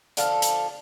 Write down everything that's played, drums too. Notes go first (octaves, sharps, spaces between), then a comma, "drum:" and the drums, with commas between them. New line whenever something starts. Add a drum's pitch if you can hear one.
D3 F3 A4 F5, drum: hi-hat
drum: hi-hat